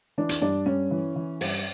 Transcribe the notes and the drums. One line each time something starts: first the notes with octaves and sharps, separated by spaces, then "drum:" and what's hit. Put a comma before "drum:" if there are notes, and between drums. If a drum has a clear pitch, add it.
E3 D4
drum: hi-hat
G2 D4
G2 C#4
E3
E3
G2, drum: open hi-hat